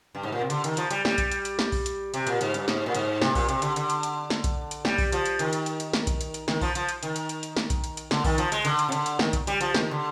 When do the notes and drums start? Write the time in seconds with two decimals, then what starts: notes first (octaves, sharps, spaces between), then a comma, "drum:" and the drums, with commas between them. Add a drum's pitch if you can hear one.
0.15 G2
0.23 G#2
0.32 A#2
0.41 C3
0.50 D3, drum: hi-hat
0.64 D#3, drum: hi-hat
0.77 F3, drum: hi-hat
0.91 G3, drum: hi-hat
1.05 G3, drum: snare
1.18 drum: kick A#1, hi-hat
1.32 drum: hi-hat
1.45 drum: hi-hat
1.59 drum: snare
1.72 drum: kick A#1, open hi-hat
1.86 drum: hi-hat
2.14 C3, drum: hi-hat
2.27 A#2, drum: hi-hat
2.41 G#2, drum: hi-hat
2.54 G2, drum: hi-hat
2.68 G#2, drum: snare
2.86 A#2
2.95 G#2, drum: hi-hat
3.22 C3, drum: snare
3.35 A#2, drum: kick A#1, open hi-hat
3.49 C3, drum: hi-hat
3.62 D3, drum: hi-hat
3.76 D3, drum: hi-hat
3.90 drum: hi-hat
4.03 drum: hi-hat
4.30 drum: snare
4.44 drum: kick A#1, hi-hat
4.71 drum: hi-hat
4.85 G3, drum: snare
4.98 drum: kick A#1, open hi-hat
5.12 F3, drum: hi-hat
5.26 drum: hi-hat
5.39 D#3, drum: hi-hat
5.53 drum: hi-hat
5.66 drum: hi-hat
5.80 drum: hi-hat
5.93 drum: snare
6.07 drum: kick A#1, hi-hat
6.21 drum: hi-hat
6.34 drum: hi-hat
6.48 D#3, drum: snare
6.61 F3, drum: kick A#1, open hi-hat
6.75 F3, drum: hi-hat
6.89 drum: hi-hat
7.03 D#3, drum: hi-hat
7.16 drum: hi-hat
7.29 drum: hi-hat
7.43 drum: hi-hat
7.56 drum: snare
7.70 drum: kick A#1, hi-hat
7.84 drum: hi-hat
7.97 drum: hi-hat
8.11 D3, drum: snare
8.24 D#3, drum: kick A#1, open hi-hat
8.38 F3, drum: hi-hat
8.52 G#3, drum: hi-hat
8.65 D3, drum: hi-hat
8.79 drum: hi-hat
8.89 C3
8.92 D3, drum: hi-hat
9.06 drum: hi-hat
9.19 D#3, drum: snare
9.33 drum: kick A#1, hi-hat
9.47 G3, drum: hi-hat
9.61 F3, drum: hi-hat
9.74 D#3, drum: snare
9.91 D3